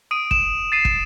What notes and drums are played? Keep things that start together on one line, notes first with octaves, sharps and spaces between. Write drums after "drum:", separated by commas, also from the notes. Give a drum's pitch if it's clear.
D#6 D7 D#7
E7, drum: kick
A6 C7 D#7
drum: kick